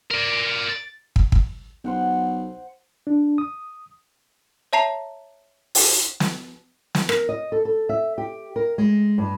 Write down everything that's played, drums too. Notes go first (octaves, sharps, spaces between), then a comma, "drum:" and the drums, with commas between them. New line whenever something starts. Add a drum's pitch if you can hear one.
A#4 D5
drum: kick
drum: kick
B1 C5 F#5 G5
D4
D#6
C#5 E5 A5 A#5 C7 F7
drum: open hi-hat
drum: snare
drum: snare
A#4, drum: rim click
D#5
A4
A4
E5
G4
A#4
G#3
G2